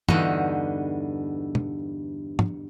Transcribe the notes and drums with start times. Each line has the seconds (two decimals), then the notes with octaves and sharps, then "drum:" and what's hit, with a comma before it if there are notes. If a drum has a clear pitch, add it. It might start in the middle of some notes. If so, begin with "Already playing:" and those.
0.09 E2 G2 D3 D#4 F#4, drum: tom
1.55 drum: tom
2.39 drum: tom